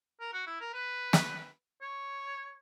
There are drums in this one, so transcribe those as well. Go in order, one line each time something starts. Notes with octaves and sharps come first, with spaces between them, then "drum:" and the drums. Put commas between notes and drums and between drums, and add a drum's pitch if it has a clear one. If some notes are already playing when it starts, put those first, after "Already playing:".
A#4
F#4
E4
A#4
B4
drum: snare
C#5